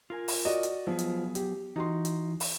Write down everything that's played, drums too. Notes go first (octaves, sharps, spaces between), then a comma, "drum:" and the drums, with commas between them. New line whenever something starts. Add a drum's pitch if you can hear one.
F4 A#4 G#5
drum: open hi-hat
F#4 D5 D#5
drum: hi-hat
F3 F#3 B3 G#4
drum: hi-hat
G4, drum: hi-hat
E3 D#4 F#4 C6
drum: hi-hat
drum: open hi-hat